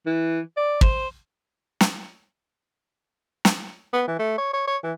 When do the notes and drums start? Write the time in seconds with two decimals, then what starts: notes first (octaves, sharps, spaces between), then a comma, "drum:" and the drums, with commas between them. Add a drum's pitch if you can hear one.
0.06 E3
0.57 D5
0.81 C5, drum: kick
1.81 drum: snare
3.45 drum: snare
3.93 B3
4.08 E3
4.19 A3
4.38 C#5
4.53 C#5
4.67 C#5
4.83 E3